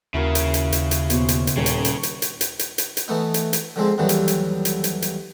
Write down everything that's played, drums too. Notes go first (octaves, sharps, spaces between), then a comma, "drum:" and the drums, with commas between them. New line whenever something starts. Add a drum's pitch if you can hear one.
D#2 C#3 E4 F#4 A#4
drum: hi-hat
drum: hi-hat
drum: hi-hat
drum: hi-hat
B2 C5 C#5, drum: hi-hat
drum: hi-hat
drum: hi-hat
D#1 C#3
drum: hi-hat
drum: hi-hat
drum: hi-hat
drum: hi-hat
drum: hi-hat
drum: hi-hat
drum: hi-hat
drum: hi-hat
E3 A3 B3 D#4
drum: hi-hat
drum: hi-hat
D3 F3 G#3 C4
D#2 D3 E3 F#3 G3 B3
drum: hi-hat
drum: hi-hat
drum: hi-hat
drum: hi-hat
drum: hi-hat